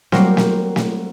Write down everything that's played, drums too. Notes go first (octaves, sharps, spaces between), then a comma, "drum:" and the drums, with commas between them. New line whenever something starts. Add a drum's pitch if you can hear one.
F#3 G3 A#3 C4 F#4 C5, drum: snare
drum: snare
drum: snare